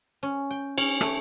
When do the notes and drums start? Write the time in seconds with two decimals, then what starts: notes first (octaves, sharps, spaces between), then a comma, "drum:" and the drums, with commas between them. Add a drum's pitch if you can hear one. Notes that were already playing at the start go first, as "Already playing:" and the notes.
0.23 C#4
0.51 G5
0.78 C#4, drum: cymbal
1.01 A3, drum: rim click